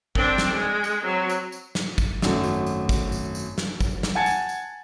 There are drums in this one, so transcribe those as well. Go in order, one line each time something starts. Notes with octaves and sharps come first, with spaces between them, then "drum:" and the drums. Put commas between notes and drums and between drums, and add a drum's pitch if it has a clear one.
C4 D4, drum: kick
drum: snare
G#3
drum: tambourine
F#3 C4
drum: tambourine
drum: tambourine
drum: snare
drum: kick, tambourine
G#1 F#2 A3, drum: snare
drum: tambourine
drum: tambourine
drum: kick, tambourine
drum: tambourine
drum: tambourine
drum: snare
drum: kick, tambourine
drum: snare
F#5 G#5 A5 G#6 A6 C#7
drum: tambourine
drum: tambourine